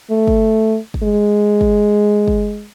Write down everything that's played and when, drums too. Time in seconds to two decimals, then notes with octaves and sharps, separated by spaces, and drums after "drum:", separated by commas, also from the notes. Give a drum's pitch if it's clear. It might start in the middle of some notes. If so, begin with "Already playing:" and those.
0.11 A3
0.27 drum: kick
0.94 drum: kick
1.03 G#3
1.61 drum: kick
2.27 drum: kick